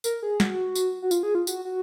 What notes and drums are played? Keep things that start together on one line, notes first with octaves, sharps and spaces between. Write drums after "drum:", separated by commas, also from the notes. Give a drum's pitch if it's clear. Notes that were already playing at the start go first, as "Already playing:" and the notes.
A#4, drum: tambourine
G#4
F#4, drum: snare
drum: tambourine
F#4
F4, drum: tambourine
G#4
F4
F#4, drum: tambourine
F#4